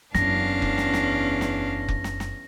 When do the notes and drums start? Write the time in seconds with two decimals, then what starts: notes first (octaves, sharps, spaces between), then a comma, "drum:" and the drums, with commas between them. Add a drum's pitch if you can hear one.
0.15 F#1 E2 C#4 D4 F5 A#6, drum: snare
0.62 drum: kick F1
0.78 drum: snare
0.94 drum: snare
1.41 drum: snare
1.88 drum: kick F1
2.04 drum: snare
2.20 drum: snare